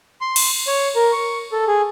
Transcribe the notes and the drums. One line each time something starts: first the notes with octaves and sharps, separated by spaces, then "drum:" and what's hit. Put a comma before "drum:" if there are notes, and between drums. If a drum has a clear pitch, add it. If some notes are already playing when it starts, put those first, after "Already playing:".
C6
drum: cymbal
C#5
A#4
C#6
A4
G#4